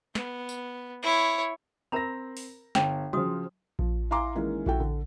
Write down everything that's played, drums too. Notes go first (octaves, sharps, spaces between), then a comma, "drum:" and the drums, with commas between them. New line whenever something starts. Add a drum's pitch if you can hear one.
B3, drum: snare
drum: tambourine
E4 C#5
C4 A#4 A#5 B5 A#6
drum: open hi-hat
G1 G5, drum: snare
C#3 F3 F#4 D#6, drum: tom F#3
F3, drum: kick A#1
E4 F5 G#5 A#5 C6 D6
D#3 E3 G#3 A#3 C#4
E4 F#4 A4 G5, drum: kick A#1
D3